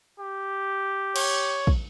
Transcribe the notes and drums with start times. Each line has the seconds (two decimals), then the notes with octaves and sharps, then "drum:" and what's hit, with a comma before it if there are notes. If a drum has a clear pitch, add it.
0.19 G4
1.16 C#5, drum: cymbal
1.67 drum: kick